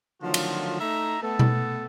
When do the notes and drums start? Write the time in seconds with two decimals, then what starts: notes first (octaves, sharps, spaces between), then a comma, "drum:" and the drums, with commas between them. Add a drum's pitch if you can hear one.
0.22 D3 D#3 F3 F#3 A3 F4
0.34 drum: cymbal
0.80 A3 D#4 E5 A#5
1.22 A3 B3 A4
1.39 drum: tom B2